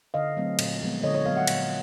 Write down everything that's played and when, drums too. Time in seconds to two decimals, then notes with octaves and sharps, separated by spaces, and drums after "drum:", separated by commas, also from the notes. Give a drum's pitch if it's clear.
0.14 D3 D#5 F5
0.37 F#3 A3 C4
0.59 A#2, drum: cymbal
0.81 F3 G#3 B3
1.03 D3 C#5 D#5
1.15 C#5 D#5
1.26 F#3 B3 D#5 F5
1.37 E5 F#5
1.47 A#2, drum: cymbal